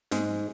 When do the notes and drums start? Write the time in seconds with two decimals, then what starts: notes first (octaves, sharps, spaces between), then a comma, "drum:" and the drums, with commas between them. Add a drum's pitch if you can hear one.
0.11 G#2 G#3, drum: snare